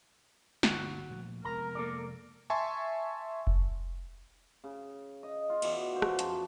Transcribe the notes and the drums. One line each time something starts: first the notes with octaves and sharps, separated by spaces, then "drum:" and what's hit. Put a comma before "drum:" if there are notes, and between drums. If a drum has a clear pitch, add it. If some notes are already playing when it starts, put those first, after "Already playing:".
G1 D2 F#3 F#4, drum: snare
A#2 F3 A3
F1 G#3 B3 A#4 A#5
A#3 A4 D5
E5 G#5 A5 C6 C#6
drum: kick F1
C#3
D#5
F4
B2 E3 D5, drum: cymbal
F4 F#4 C5
drum: rim click
F#2 F3 A5 C#6, drum: hi-hat